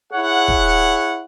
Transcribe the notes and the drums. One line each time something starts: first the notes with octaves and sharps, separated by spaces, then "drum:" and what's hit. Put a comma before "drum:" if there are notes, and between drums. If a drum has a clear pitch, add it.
E4 G#4 C#5 F#5
drum: kick